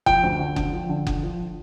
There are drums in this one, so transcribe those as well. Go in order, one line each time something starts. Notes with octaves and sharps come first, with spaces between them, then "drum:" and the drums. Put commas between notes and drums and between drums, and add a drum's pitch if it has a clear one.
F3 G5, drum: kick F#1
D2
D3
D3, drum: kick F#1
F3
D3
D3, drum: kick F#1
F3